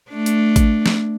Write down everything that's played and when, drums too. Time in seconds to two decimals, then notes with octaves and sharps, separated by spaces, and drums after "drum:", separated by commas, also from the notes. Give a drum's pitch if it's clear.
0.11 A3 D4
0.26 drum: hi-hat
0.56 drum: kick A1, hi-hat
0.86 drum: snare